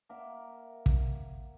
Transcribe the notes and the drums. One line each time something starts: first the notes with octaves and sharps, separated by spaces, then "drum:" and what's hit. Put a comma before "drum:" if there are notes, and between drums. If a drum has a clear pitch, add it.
A#3 A#4 E5 F#5
drum: kick